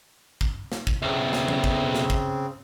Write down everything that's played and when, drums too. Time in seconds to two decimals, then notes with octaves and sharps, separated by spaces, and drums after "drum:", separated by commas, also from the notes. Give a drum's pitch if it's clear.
0.41 drum: kick
0.72 drum: snare
0.87 drum: kick
1.02 B1 E2 C#3 C4 E5
1.33 drum: snare
1.48 drum: tom D#3
1.64 drum: kick
1.94 drum: snare
2.10 drum: kick